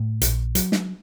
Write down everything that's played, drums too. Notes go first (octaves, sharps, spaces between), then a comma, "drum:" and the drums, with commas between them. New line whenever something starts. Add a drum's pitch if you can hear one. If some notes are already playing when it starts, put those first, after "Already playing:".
Already playing: A2
A#1, drum: hi-hat
F#3, drum: hi-hat
drum: snare